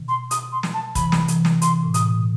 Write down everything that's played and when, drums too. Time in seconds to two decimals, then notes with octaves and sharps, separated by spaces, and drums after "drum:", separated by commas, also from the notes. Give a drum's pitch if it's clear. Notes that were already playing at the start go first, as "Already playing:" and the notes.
Already playing: B2 D#3
0.08 C6
0.31 D#6, drum: hi-hat
0.52 C6
0.63 drum: snare
0.74 A5
0.95 C3 E3 B5, drum: kick, hi-hat
1.12 drum: snare
1.28 C3 E3, drum: hi-hat
1.45 drum: snare
1.62 C3 C6, drum: hi-hat
1.83 A2
1.94 D#6, drum: hi-hat
2.04 B2